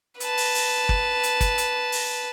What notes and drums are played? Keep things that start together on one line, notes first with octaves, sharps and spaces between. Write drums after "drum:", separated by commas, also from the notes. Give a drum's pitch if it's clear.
B4 A5, drum: hi-hat
drum: open hi-hat
drum: open hi-hat
drum: kick
drum: hi-hat
drum: kick, hi-hat
drum: hi-hat
drum: open hi-hat